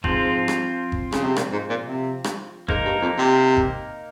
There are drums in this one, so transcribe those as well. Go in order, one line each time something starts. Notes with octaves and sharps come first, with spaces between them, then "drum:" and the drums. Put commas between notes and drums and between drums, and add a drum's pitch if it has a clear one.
G#2 F3 C4 F4, drum: kick G1
drum: rim click
drum: kick G1
C#3, drum: rim click
C3
A#2, drum: rim click
G#2
A#2
C3
drum: rim click
G#2 A#3 D#4 A#4, drum: kick G1
G2
F2
C3
drum: kick G1